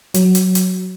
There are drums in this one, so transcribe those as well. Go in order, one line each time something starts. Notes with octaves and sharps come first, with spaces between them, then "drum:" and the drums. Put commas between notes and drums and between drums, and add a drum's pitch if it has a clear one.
F#3, drum: hi-hat
drum: hi-hat
drum: hi-hat